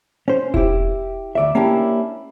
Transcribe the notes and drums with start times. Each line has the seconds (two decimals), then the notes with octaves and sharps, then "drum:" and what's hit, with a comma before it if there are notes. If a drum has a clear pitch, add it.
0.28 C#4 C5
0.54 E4 G4, drum: kick E1
1.35 D2 D5 E5
1.55 A#3 C#4 D4 E4 G4